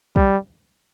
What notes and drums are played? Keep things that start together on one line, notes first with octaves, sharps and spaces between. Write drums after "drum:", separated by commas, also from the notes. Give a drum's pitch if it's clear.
G3, drum: kick